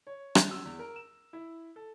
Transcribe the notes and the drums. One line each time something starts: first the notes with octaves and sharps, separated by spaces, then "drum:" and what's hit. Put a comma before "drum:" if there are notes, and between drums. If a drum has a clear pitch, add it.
C#5
drum: rim click
E6
E2
A#4
E7
E4
A4